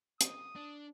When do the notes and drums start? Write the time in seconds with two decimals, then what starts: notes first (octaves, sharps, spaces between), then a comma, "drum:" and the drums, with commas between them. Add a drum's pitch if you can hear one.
0.21 D#6, drum: hi-hat
0.56 D4